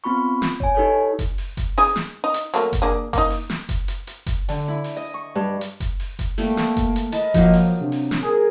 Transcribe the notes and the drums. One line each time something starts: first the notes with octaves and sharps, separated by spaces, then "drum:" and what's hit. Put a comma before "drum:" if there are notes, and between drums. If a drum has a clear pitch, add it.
B3 C4 F4 B5 C#6
drum: snare
C#5 G#5, drum: kick F#1
D#4 G4 A4 B4 C#5
drum: kick F#1, hi-hat
drum: open hi-hat
drum: kick F#1, hi-hat
D#4 G#4 G#5, drum: open hi-hat
drum: snare
D#4
drum: hi-hat
F#3 A3 A#3, drum: hi-hat
drum: kick F#1, hi-hat
A#3 D4 G#4
A#3 D#4, drum: kick F#1, hi-hat
drum: open hi-hat
drum: snare
drum: kick F#1, hi-hat
drum: hi-hat
drum: hi-hat
drum: kick F#1, hi-hat
D3, drum: open hi-hat
E4
drum: open hi-hat
D#5
C#6
G2
drum: hi-hat
drum: kick F#1, hi-hat
drum: open hi-hat
drum: kick F#1, hi-hat
G3 A3 A#3, drum: open hi-hat
drum: snare
drum: kick F#1, hi-hat
drum: hi-hat
A#4 B4 D#5 A5, drum: hi-hat
F3 F#3 A#3 D#4, drum: kick F#1, hi-hat
drum: open hi-hat
C3 D4
drum: open hi-hat
drum: snare
G#4 A#4